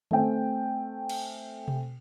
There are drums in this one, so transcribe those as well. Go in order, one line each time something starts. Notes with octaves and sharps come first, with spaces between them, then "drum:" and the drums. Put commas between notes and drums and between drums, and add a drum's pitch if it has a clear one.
A3 C4 G5 G#5, drum: tom D3
drum: cymbal
drum: tom B2